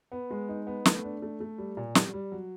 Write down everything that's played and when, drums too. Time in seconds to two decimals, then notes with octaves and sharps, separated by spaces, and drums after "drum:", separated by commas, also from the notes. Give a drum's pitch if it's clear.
0.12 B3
0.30 G#3
0.49 D#4
0.67 B3
0.85 A3, drum: snare
1.04 D4
1.22 A3
1.40 A3
1.58 G3
1.77 A#2
1.95 G3, drum: snare
2.13 G3
2.32 F#3